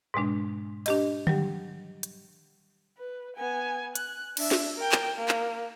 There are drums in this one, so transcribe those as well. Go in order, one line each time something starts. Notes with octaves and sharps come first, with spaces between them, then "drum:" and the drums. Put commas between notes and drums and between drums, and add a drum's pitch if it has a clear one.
G#2 B2 G#3 D4
D4 G4 D#5, drum: cymbal
F#3 G3 G4, drum: tom D3
drum: hi-hat
B4
B3 G#5
F#6, drum: hi-hat
D4 E5, drum: cymbal
drum: snare
A#4 G5
drum: clap
A#3
drum: clap